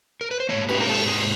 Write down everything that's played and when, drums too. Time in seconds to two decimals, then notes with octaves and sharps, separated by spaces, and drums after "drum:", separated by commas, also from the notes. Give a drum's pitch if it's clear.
0.21 A#4
0.31 B4
0.40 C5
0.49 G#2 F3 A#3 C#5
0.69 B4, drum: cymbal
0.81 A#4
0.89 A4
1.08 G#4